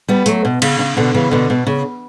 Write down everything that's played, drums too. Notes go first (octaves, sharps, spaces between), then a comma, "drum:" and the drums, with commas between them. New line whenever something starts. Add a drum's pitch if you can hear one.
G3 B3
F#3 A3, drum: hi-hat
B2
C#3, drum: cymbal
C#3
B2 D3
C#3 E3
B2 D3
B2
C#3